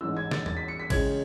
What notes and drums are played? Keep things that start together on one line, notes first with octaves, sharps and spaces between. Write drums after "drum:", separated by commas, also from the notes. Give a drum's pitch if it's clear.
A1 G#2 E3 E6
G#6
A6, drum: snare
A6, drum: tom E2
B6
C#7
B6
C#2 C#3 E3 G#3 C#4 G#6, drum: kick, cymbal